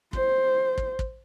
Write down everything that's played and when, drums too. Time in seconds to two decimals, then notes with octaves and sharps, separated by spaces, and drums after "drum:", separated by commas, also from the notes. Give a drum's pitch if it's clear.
0.13 C5, drum: kick
0.78 drum: kick
0.99 drum: kick